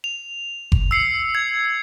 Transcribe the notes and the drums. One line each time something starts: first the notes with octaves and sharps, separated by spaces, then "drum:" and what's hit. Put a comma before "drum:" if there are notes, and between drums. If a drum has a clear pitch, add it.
F7
drum: kick F#1
E6 C7 C#7
G#6